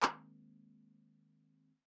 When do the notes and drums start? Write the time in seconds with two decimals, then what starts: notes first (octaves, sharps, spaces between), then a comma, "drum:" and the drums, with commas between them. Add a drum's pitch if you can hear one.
0.03 D#3 G#3 A#3 C4, drum: clap